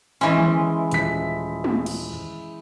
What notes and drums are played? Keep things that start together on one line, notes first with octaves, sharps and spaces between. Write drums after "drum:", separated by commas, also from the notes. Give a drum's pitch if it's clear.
E3 G#3 C#4 E4 C6
drum: tom
D#1 B6, drum: hi-hat
drum: tom
drum: cymbal